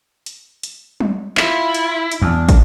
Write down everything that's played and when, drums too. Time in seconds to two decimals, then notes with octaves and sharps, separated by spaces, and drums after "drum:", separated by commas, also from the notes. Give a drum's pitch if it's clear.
0.26 drum: hi-hat
0.63 drum: hi-hat
1.00 drum: tom F#3
1.37 E4 F4 B5, drum: clap
1.74 drum: hi-hat
2.12 drum: hi-hat
2.22 E2 D4
2.49 drum: kick, hi-hat